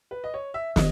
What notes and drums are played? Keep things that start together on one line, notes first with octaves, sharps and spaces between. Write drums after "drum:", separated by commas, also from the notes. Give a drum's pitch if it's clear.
B4
D#5
C#5
E5
D#3 D#5, drum: snare